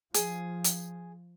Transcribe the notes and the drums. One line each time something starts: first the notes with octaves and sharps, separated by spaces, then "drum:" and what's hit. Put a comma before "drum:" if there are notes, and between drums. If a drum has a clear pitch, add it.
F3 G#4, drum: hi-hat
drum: hi-hat